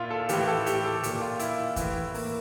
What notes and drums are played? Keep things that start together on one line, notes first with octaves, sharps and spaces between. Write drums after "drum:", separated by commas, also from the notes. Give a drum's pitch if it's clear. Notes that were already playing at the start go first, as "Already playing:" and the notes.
Already playing: A#2 E4 F4
A4
A2 E3 G4, drum: hi-hat
A4
G4, drum: hi-hat
A4
A#2 G4, drum: hi-hat
F4
E4, drum: hi-hat
A2 E3, drum: kick, hi-hat
A#3, drum: open hi-hat